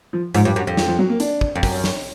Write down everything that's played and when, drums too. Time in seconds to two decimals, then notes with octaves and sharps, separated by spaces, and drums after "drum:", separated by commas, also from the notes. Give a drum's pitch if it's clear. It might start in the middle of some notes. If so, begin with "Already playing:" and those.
0.13 F3
0.34 G#2 F3, drum: hi-hat
0.45 G2
0.56 F#2
0.67 F2
0.77 F3, drum: snare
0.88 F3
0.99 F#3
1.09 A#3
1.20 D4, drum: hi-hat
1.41 drum: kick
1.56 F2
1.63 F#2, drum: kick, open hi-hat
1.84 drum: snare